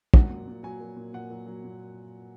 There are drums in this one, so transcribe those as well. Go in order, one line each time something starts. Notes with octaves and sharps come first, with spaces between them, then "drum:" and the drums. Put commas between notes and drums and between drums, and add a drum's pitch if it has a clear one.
F#3 F#5, drum: kick
A#2
A#2
F#3 G#5
F#3
A#2
A#2 F#5
F#3
F#3
A#2